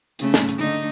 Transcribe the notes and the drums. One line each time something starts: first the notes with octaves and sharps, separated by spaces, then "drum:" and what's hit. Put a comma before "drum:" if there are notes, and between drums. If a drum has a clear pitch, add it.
C#3 A3 C#4, drum: hi-hat
drum: snare
drum: hi-hat
D3 A3 D#4